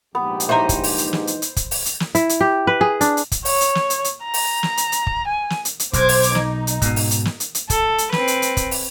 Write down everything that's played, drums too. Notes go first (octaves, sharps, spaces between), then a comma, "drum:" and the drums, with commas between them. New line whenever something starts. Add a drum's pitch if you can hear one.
A#1 G#2 B3 G4
drum: hi-hat
E3 D#4 C5 C#5 E5 A#5
drum: kick, hi-hat
drum: open hi-hat
drum: hi-hat
drum: snare
drum: hi-hat
drum: hi-hat
drum: kick, hi-hat
drum: open hi-hat
drum: hi-hat
drum: snare
E4, drum: hi-hat
drum: hi-hat
G4
B4
G#4
D4, drum: hi-hat
drum: hi-hat
drum: kick, hi-hat
C#5, drum: open hi-hat
drum: hi-hat
drum: snare
drum: hi-hat
drum: hi-hat
A#5
drum: open hi-hat
drum: snare
drum: hi-hat
drum: hi-hat
drum: kick
G#5
drum: snare
drum: hi-hat
drum: hi-hat
B1 C5 D6 G#6, drum: kick, hi-hat
drum: open hi-hat
drum: hi-hat
D#4, drum: snare
drum: hi-hat
G#2 B2, drum: kick, hi-hat
drum: open hi-hat
drum: hi-hat
drum: snare
drum: hi-hat
drum: hi-hat
A4, drum: kick, hi-hat
drum: hi-hat
C4 B4, drum: snare
drum: hi-hat
drum: hi-hat
drum: kick, hi-hat
drum: open hi-hat